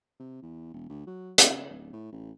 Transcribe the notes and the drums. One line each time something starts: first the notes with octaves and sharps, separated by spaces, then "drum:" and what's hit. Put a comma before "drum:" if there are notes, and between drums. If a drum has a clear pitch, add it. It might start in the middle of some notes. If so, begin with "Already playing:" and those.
C3
E2
E1
D2
F#3
drum: hi-hat
C#3
D1
A2
A1